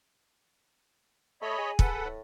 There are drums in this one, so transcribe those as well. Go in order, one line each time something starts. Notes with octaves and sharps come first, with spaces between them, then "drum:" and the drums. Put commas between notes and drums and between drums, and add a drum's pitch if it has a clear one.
A3 C#5 D#5 B5
G#4
A4 B4 F#5, drum: kick
A2